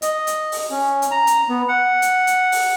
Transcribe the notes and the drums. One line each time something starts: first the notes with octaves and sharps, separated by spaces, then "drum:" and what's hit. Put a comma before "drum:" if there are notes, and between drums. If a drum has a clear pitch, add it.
D#5, drum: hi-hat
drum: hi-hat
drum: open hi-hat
C#4
drum: hi-hat
A#5
drum: hi-hat
B3
F#5
drum: hi-hat
drum: hi-hat
drum: open hi-hat